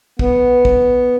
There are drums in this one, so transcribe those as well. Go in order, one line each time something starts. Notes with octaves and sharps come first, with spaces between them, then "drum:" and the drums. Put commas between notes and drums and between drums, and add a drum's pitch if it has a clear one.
B3, drum: kick
drum: kick